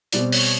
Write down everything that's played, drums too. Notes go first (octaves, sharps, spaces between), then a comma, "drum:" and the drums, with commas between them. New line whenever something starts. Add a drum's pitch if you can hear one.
B2 G3 C4 D5, drum: hi-hat
C#5, drum: open hi-hat